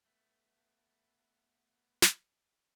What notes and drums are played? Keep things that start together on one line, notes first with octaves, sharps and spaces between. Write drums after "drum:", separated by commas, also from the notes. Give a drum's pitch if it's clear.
A3 B3
drum: snare